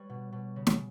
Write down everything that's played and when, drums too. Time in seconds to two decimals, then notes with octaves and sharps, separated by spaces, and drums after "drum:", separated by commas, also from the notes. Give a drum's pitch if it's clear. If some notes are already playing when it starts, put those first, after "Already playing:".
Already playing: G3 B4 C#5
0.10 B2
0.33 B2
0.56 C#3
0.67 drum: snare